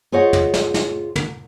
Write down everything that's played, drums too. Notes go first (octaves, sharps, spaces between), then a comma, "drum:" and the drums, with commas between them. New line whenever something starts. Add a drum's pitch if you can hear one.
F4 G#4 C5 C#5 D#5 F#5
drum: tom
drum: snare
drum: snare
drum: tom